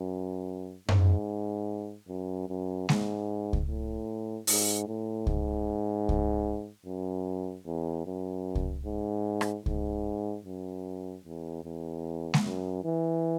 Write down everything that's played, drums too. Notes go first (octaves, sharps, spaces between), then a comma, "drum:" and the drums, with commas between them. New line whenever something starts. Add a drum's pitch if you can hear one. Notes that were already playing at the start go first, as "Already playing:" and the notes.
Already playing: F#2
G#2, drum: tom F#2
F#2
F#2
G#2, drum: snare G#3
drum: kick C#2
A2
G#2, drum: open hi-hat
A2
G#2, drum: kick C#2
drum: kick C#2
F#2
E2
F#2
drum: kick C#2
G#2
drum: rim click
G#2, drum: kick C#2
F#2
E2
E2
drum: snare G#3
F#2
E3